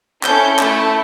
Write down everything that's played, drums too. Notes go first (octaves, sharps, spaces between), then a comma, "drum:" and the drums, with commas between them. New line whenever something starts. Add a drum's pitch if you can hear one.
C#4 E4 A4 G6, drum: clap
A3 E4 A4, drum: clap